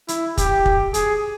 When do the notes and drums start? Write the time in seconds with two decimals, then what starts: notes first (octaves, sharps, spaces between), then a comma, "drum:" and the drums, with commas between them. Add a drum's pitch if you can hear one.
0.08 E4, drum: hi-hat
0.38 G4, drum: kick, hi-hat
0.66 drum: kick
0.94 G#4, drum: hi-hat